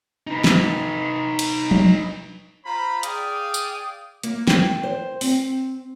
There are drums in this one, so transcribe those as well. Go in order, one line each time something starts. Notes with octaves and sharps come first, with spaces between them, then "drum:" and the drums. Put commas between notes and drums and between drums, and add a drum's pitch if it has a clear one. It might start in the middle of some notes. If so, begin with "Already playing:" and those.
D#4 B4
drum: snare
drum: cymbal
drum: tom
F4 C5 A#5 B5
G#4 D5 F5 G5 D#6, drum: hi-hat
drum: tambourine
A#3, drum: hi-hat
G5, drum: snare
C5
C4, drum: open hi-hat